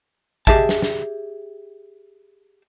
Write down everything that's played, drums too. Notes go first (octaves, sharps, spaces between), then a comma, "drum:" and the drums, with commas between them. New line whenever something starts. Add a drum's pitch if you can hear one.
G4 G#4 D#5 E5 A5, drum: kick
drum: snare
drum: snare